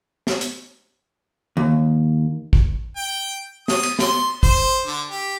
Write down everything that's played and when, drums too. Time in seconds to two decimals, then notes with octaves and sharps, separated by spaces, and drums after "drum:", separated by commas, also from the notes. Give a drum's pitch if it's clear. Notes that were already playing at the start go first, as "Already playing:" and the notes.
0.27 drum: snare
0.41 drum: hi-hat
1.57 D#2
2.53 drum: kick
2.96 G5
3.68 D#6, drum: snare
3.83 drum: cymbal
3.99 C6, drum: snare
4.43 C5, drum: kick
4.86 D3
5.10 G4